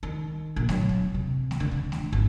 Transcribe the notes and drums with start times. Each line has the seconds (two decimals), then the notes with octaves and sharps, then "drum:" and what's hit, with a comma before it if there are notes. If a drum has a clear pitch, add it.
0.03 D#3
0.56 A#1
0.69 F#3, drum: snare A3
0.89 drum: kick
1.14 C3
1.51 drum: snare A3
1.60 D3
1.71 drum: kick
1.92 drum: snare A3
2.12 G#1